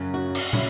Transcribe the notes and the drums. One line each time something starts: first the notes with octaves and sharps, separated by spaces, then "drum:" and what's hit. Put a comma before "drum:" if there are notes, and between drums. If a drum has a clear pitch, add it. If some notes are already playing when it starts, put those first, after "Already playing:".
Already playing: F#2 C#3 F#3
F#4
drum: cymbal
C#3 F#3 E4, drum: tom